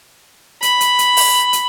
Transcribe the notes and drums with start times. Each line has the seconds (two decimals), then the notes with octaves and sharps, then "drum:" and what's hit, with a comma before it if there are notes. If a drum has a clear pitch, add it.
0.62 B5, drum: hi-hat
0.81 drum: hi-hat
0.99 drum: hi-hat
1.17 drum: open hi-hat
1.53 drum: hi-hat